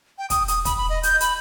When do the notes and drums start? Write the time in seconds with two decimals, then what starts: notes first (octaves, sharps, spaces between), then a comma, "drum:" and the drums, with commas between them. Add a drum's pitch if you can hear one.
0.18 G5
0.30 D#6, drum: kick, hi-hat
0.48 D#6, drum: hi-hat
0.65 B5, drum: kick, hi-hat
0.77 B5
0.90 D#5
1.03 G6, drum: hi-hat
1.20 B5, drum: hi-hat